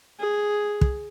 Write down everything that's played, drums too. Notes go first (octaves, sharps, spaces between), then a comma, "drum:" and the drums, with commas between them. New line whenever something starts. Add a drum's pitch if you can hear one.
G#4
drum: kick